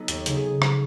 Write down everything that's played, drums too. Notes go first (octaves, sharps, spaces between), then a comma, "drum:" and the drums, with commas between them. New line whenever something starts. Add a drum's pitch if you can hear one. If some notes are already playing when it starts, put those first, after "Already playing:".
Already playing: F#3 B3 D#4 A4
D#2, drum: hi-hat
C#3 F#3 B3 D#4, drum: hi-hat
G#4
drum: rim click